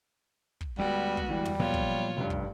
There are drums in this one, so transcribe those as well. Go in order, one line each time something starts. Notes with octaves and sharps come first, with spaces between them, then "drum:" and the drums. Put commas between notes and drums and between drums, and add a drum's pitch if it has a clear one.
drum: kick
D2 G3 G#3 B3 F#4
drum: kick
E3 G3
drum: tom
A#2 F3 F#3 B3 F4 C#5
drum: kick
F1 G2
drum: kick